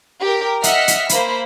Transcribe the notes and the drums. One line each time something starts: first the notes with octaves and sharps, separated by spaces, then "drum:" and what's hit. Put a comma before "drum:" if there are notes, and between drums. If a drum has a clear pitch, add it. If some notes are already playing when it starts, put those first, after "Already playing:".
G4 A#4
D#5 E5 F#5 F6 B6 C#7, drum: hi-hat
drum: hi-hat
A#3 C5 B5, drum: hi-hat